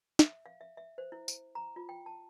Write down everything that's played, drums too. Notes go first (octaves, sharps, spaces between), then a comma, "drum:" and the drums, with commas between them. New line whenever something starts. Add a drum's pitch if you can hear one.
E5, drum: snare
F5
E5
E5
C5
E4
drum: tambourine
A#5
F4
G5
A5